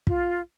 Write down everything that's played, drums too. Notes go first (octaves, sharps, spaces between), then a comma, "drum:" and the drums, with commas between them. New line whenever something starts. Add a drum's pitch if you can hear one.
F4, drum: kick